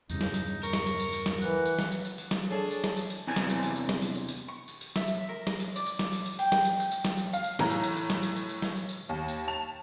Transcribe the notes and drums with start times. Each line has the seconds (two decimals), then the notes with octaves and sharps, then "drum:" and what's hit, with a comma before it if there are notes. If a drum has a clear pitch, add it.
0.10 E2 G2 C#3 D#4, drum: tambourine
0.21 drum: snare
0.34 drum: tambourine
0.63 A#4 C#6, drum: tambourine
0.73 drum: snare
0.86 drum: tambourine
1.00 drum: tambourine
1.13 drum: tambourine
1.26 drum: snare
1.42 E3 F#5, drum: tambourine
1.65 drum: tambourine
1.79 drum: snare
1.92 drum: tambourine
2.05 drum: tambourine
2.18 drum: tambourine
2.31 drum: snare
2.51 D4 G#4 A4 C#5
2.71 drum: tambourine
2.84 drum: snare
2.97 drum: tambourine
3.10 drum: tambourine
3.27 E2 C3 G#5
3.36 drum: snare
3.50 drum: tambourine
3.63 drum: tambourine
3.76 drum: tambourine
3.89 drum: snare
4.02 drum: tambourine
4.15 drum: tambourine
4.28 drum: tambourine
4.48 C#6
4.68 drum: tambourine
4.81 drum: tambourine
4.96 E5, drum: snare
5.07 drum: tambourine
5.29 A#4
5.47 drum: snare
5.60 drum: tambourine
5.76 D5, drum: tambourine
5.86 drum: tambourine
5.99 drum: snare
6.13 drum: tambourine
6.26 drum: tambourine
6.39 G5, drum: tambourine
6.52 drum: snare
6.65 drum: tambourine
6.80 G6, drum: tambourine
6.91 drum: tambourine
7.05 drum: snare
7.18 drum: tambourine
7.33 F5, drum: tambourine
7.44 drum: tambourine
7.59 A2 E3 A#5, drum: snare
7.70 drum: tambourine
7.83 drum: tambourine
7.97 drum: tambourine
8.10 drum: snare
8.23 drum: tambourine
8.36 drum: tambourine
8.49 drum: tambourine
8.62 drum: snare
8.76 drum: tambourine
8.89 drum: tambourine
9.09 D#2
9.28 drum: tambourine
9.48 A5 F7